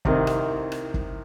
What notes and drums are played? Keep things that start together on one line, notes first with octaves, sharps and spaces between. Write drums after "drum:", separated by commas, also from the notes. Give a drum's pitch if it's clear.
C2 C3 D#3, drum: kick
drum: rim click
drum: rim click
drum: kick